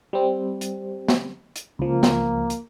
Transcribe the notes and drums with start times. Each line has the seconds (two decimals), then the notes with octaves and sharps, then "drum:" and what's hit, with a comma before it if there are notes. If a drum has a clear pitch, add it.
0.13 G3 C4
0.61 drum: hi-hat
1.08 drum: snare
1.56 drum: hi-hat
1.79 C#2 F3 A#3
2.03 drum: snare
2.50 drum: hi-hat